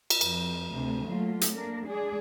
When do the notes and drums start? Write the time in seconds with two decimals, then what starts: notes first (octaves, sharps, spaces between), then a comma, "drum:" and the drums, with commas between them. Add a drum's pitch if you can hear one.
0.10 drum: cymbal
0.21 F2, drum: cymbal
0.72 D2 C3
1.06 F#3 A3 A#3 F4
1.41 drum: hi-hat
1.54 A#3 D4 A#4
1.87 G#3 D4 G#4 D5